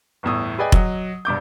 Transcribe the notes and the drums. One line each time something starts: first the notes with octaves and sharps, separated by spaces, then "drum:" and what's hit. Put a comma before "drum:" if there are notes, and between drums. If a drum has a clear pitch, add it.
G1 E2 A2 D#6
G#4 B4 D5 D#5 G5 G#5
F#3 D#5, drum: kick F1
E1 G2 D6 G6